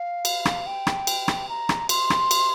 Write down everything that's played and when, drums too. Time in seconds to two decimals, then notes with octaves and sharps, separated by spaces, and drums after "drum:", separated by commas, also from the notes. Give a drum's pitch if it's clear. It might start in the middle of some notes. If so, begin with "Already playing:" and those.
Already playing: F5
0.25 drum: cymbal
0.45 drum: rim click
0.66 G5
0.87 drum: rim click
1.07 drum: cymbal
1.28 drum: rim click
1.49 A#5
1.69 drum: rim click
1.89 C6, drum: cymbal
2.10 drum: rim click
2.31 drum: cymbal